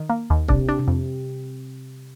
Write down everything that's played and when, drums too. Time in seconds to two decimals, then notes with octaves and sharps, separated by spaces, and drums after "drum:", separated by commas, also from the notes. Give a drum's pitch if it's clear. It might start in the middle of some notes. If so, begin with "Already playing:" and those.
Already playing: D#3
0.10 A#3
0.30 D#2
0.48 C3 D4, drum: kick
0.69 D4
0.79 C3
0.88 F2